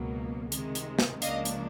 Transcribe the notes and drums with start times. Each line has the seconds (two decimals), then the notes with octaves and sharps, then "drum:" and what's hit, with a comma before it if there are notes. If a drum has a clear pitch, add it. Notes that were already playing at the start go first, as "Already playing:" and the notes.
Already playing: C#2 B2 F#3 A#3
0.52 C3 D#3 G#3, drum: hi-hat
0.75 drum: hi-hat
0.99 drum: snare
1.22 C#2 C#3 F3 A#3 D4 D#5 F5, drum: hi-hat
1.45 drum: hi-hat